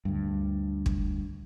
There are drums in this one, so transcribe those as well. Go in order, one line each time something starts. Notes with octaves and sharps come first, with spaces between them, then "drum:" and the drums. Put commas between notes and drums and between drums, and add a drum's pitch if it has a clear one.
D2 G2
drum: kick